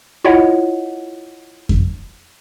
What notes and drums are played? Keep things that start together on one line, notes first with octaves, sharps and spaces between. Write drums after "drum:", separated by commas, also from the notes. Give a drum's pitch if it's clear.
E4 F4 C#5 D#5 F#5
drum: kick F2